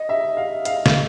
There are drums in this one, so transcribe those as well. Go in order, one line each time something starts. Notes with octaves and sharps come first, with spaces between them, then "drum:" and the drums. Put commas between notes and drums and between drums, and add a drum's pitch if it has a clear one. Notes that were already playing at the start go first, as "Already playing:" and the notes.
Already playing: D#5
E5
F5
F5, drum: hi-hat
drum: snare